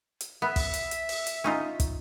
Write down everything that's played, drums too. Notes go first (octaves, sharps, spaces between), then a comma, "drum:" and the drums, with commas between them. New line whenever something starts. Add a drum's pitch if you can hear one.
drum: hi-hat
B3 E5
drum: kick, open hi-hat
drum: hi-hat
drum: hi-hat
drum: open hi-hat
drum: hi-hat
C#4 D#4 F4
drum: kick, hi-hat